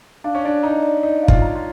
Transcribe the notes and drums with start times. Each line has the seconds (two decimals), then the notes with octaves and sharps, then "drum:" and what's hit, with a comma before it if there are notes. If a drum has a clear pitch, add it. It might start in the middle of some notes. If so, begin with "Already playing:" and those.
0.24 D4 F5
0.35 C#4
0.44 D4 D5
0.63 D#4 A#5
0.83 D5
1.03 D#4 D5
1.23 F5
1.28 F4, drum: kick
1.42 A#5
1.55 F4